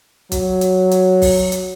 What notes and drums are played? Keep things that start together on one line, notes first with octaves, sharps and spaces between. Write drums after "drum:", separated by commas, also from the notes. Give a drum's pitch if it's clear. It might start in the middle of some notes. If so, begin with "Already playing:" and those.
F#3, drum: kick, hi-hat
drum: hi-hat
drum: hi-hat
drum: kick, open hi-hat
drum: hi-hat